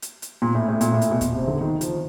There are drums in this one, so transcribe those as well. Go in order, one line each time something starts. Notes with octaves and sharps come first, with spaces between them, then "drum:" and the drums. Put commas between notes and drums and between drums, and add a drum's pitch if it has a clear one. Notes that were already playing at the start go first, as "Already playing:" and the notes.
drum: hi-hat
drum: hi-hat
A#2
A2
A2
A#2, drum: hi-hat
A2
drum: hi-hat
B2
A#2, drum: kick D#2, hi-hat
C3
D3
D#3
F3, drum: hi-hat